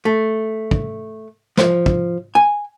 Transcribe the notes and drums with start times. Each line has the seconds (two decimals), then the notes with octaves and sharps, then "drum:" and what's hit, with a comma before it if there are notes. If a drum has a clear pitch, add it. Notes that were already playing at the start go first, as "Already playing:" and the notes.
0.05 A3
0.71 drum: kick
1.57 F3, drum: snare
1.86 drum: kick
2.35 G#5